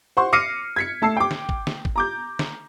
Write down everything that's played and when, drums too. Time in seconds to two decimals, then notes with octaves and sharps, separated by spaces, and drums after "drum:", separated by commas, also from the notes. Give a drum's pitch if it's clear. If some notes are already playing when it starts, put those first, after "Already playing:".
0.17 C5 F#5 C6 C#6
0.33 D6 F6 A#6 C7 C#7 D#7
0.76 G#6 B6 C#7
1.02 A3 A5 E6 C7
1.17 G5 D6
1.31 drum: snare
1.49 drum: kick
1.67 drum: snare
1.85 drum: kick
1.96 A#5 D6 G6
2.39 drum: snare